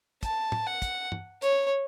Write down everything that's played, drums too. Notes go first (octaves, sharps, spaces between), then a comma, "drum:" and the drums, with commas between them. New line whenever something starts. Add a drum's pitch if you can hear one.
A5, drum: kick, hi-hat
drum: tom
F#5
drum: kick, hi-hat
drum: tom
C#5, drum: hi-hat